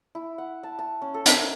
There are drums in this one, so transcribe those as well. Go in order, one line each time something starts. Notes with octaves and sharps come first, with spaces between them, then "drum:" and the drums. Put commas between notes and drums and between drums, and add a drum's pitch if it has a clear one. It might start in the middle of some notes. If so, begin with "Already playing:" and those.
E4
F#5
A5
A5
C#4
A4
A#4, drum: hi-hat